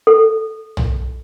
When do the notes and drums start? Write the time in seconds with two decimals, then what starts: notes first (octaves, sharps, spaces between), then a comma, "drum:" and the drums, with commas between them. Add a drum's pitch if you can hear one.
0.07 A4
0.77 drum: tom